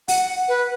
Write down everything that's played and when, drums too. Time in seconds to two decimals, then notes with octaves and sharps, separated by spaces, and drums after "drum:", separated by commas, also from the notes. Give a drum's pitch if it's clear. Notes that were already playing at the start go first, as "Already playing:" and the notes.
0.08 F#5, drum: open hi-hat
0.48 B4